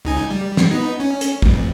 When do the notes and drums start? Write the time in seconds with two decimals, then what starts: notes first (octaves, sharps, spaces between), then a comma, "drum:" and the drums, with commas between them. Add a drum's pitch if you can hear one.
0.05 C#2 D#4 G#5
0.30 G3
0.57 drum: snare
0.71 B3 D#4
1.00 C#4
1.21 drum: hi-hat
1.42 A1 F2, drum: kick